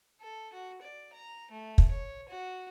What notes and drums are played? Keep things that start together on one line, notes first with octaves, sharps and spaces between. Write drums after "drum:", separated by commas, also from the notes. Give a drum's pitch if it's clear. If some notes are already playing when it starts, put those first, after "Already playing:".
A4
F#4
D5
A#5
A3
drum: kick
C#5
F#4